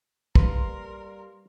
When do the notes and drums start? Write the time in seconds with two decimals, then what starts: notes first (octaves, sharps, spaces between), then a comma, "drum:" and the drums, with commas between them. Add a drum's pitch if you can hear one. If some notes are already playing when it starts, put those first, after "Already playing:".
0.35 G3 A#3 A#4 B4 C6, drum: kick